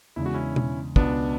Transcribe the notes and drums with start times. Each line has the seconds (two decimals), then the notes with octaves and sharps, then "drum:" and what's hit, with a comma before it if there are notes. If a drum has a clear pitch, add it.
0.16 E2 C#3 G#3 D4 E4
0.26 F#4
0.34 C#4 E4
0.56 drum: tom B2
0.96 C#2 B2 G#3 B3 D4, drum: kick